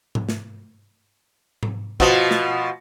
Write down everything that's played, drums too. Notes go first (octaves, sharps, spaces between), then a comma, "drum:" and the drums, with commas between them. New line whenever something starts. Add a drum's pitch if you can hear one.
drum: tom G#2
drum: snare
drum: tom G#2
B2 F3, drum: kick
drum: snare